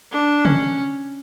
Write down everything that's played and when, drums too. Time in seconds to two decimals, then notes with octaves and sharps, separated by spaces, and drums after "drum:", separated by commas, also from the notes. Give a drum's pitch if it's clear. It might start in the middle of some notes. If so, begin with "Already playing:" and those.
0.12 D4
0.45 C#4, drum: tom